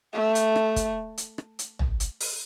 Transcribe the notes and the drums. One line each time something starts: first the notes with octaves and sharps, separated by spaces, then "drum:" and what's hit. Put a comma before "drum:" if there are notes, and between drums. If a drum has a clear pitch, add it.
A3
drum: hi-hat
drum: rim click
drum: kick, hi-hat
drum: hi-hat
drum: rim click
drum: hi-hat
drum: tom
drum: hi-hat
drum: open hi-hat